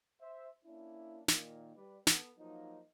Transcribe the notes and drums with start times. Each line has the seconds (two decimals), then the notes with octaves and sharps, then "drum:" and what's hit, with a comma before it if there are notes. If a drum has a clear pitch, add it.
0.21 C5 E5
0.65 A#3 C#4 D4 E4
1.28 A#2 D#3, drum: snare
1.76 G3 B4 D5
2.07 B3 A4, drum: snare
2.38 F3 F#3 A#3 D#4